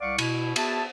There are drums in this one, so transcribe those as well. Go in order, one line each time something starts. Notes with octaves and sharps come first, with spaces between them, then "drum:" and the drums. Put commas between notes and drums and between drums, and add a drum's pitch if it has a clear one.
C2 D5 F5 F#5 C#6 D6
B2 E4, drum: cymbal
B3 F#4 G#4 E5 A5, drum: cymbal